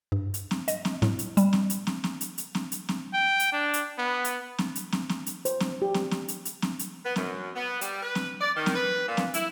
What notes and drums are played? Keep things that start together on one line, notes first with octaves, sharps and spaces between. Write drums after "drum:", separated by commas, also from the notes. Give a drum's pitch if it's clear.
G2
drum: hi-hat
drum: snare
D#5, drum: hi-hat
drum: snare
A2, drum: snare
drum: hi-hat
G3, drum: hi-hat
drum: snare
drum: hi-hat
drum: snare
drum: snare
drum: hi-hat
drum: hi-hat
drum: snare
drum: hi-hat
drum: snare
G5
drum: hi-hat
D4
drum: hi-hat
B3
drum: hi-hat
drum: snare
drum: hi-hat
drum: snare
drum: snare
drum: hi-hat
C5, drum: hi-hat
drum: snare
G4
drum: snare
drum: snare
drum: hi-hat
drum: hi-hat
drum: snare
drum: hi-hat
B3
F#2, drum: snare
B3
G3, drum: hi-hat
B4
drum: snare
D5
D#3
drum: snare
B4
A#2
drum: snare
E4, drum: hi-hat